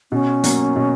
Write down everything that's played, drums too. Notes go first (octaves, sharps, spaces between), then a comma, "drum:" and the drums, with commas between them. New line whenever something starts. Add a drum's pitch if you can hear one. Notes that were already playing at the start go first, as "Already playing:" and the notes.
B2 C#4
F#3 A#3, drum: hi-hat
B2